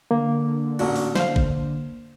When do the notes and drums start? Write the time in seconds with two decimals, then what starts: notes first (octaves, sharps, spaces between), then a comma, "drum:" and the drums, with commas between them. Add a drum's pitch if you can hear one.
0.11 D3 A#3
0.79 A1 A#2 F#4, drum: cymbal
0.96 drum: open hi-hat
1.15 D3 C5 F5, drum: snare
1.36 drum: kick